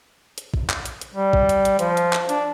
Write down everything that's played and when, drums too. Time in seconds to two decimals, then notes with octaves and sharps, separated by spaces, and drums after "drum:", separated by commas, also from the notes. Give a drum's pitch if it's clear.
0.38 drum: hi-hat
0.54 drum: kick
0.70 drum: clap
0.85 drum: hi-hat
1.01 drum: hi-hat
1.14 G3
1.33 drum: kick
1.49 drum: hi-hat
1.65 drum: hi-hat
1.79 F3, drum: hi-hat
1.97 drum: hi-hat
2.13 drum: clap
2.29 D4, drum: hi-hat